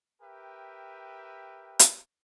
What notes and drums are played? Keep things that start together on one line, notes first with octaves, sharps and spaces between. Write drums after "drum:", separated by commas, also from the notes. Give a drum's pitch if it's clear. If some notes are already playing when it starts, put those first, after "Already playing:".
G4 A#4 B4 E5 G5
drum: hi-hat